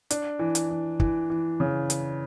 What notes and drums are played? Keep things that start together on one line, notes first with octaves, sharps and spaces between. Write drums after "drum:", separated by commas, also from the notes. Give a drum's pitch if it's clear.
D4, drum: hi-hat
E3
drum: hi-hat
E3
E3, drum: kick
E3
C#3
drum: hi-hat